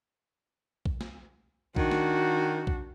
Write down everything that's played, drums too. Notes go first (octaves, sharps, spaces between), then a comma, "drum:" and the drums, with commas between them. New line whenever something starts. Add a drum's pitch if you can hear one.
drum: kick B1
drum: snare
D#3 D4 F#4, drum: kick B1
drum: snare
drum: kick B1